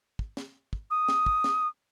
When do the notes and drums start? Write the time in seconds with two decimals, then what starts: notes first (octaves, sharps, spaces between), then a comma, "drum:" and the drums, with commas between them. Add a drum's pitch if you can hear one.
0.19 drum: kick
0.37 drum: snare
0.73 drum: kick
0.91 D#6
1.09 drum: snare
1.26 drum: kick
1.44 drum: snare